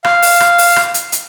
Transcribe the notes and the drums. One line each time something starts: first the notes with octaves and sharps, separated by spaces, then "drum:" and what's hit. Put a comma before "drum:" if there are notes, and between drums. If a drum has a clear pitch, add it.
F5, drum: rim click
drum: open hi-hat
drum: rim click
drum: open hi-hat
drum: rim click
drum: hi-hat
drum: hi-hat